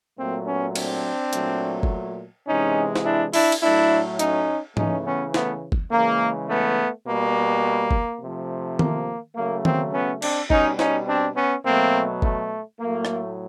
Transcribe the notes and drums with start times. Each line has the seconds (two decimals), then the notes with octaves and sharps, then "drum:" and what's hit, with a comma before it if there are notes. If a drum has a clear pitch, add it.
0.18 A#2 F#3 A3 A#3 C4
0.47 B3 C#4
0.75 C4 D4, drum: cymbal
1.33 A#2 F#3 A3, drum: hi-hat
1.83 drum: kick F#1
2.48 C3 E3 G#3 C#4 D#4
2.96 drum: snare
3.05 D4 E4
3.33 D4 E4, drum: open hi-hat
3.52 drum: cymbal
3.63 A2 F#3 A3 D4 E4
4.19 C#4 D#4, drum: hi-hat
4.77 C#3 E3 A3 C#4 D#4, drum: tom
5.05 B3 C#4
5.34 A3 B3, drum: snare
5.72 drum: kick F#1
5.91 C#3 E3 G#3 A#3
6.50 A3 B3
7.06 B2 G3 A#3
7.91 drum: kick F#1
8.21 C3 F3 A3
8.79 A#3, drum: tom D#3
9.36 C#3 F#3 A3 A#3
9.65 A#3 C4, drum: tom D#3
9.93 B3 C#4
10.22 C4 D4, drum: cymbal
10.50 B2 G3 C#4 D#4, drum: kick F#1
10.79 C#4 D#4, drum: snare
11.08 C4 D4
11.36 B3 C#4
11.66 B2 F#3 A3 A#3 C4
12.22 A3, drum: kick F#1
12.80 A2 F#3 A3 A#3
13.05 drum: rim click